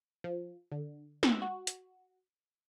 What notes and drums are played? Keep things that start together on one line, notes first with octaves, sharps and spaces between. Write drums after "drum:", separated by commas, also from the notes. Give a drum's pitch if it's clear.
F3
D3
E6, drum: snare
F#4
drum: hi-hat